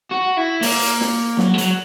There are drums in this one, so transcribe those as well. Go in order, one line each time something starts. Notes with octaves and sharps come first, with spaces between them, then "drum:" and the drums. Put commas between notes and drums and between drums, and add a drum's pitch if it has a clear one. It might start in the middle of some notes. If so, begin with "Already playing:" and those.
F#4
E4
A#3, drum: open hi-hat
drum: hi-hat
drum: snare
F#3, drum: snare
G#3
F#3, drum: hi-hat